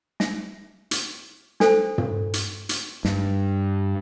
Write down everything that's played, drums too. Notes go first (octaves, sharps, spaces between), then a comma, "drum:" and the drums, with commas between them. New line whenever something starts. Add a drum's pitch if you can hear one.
E5, drum: snare
drum: hi-hat
D4 A4 C5, drum: snare
drum: tom
drum: hi-hat
drum: hi-hat
G2, drum: snare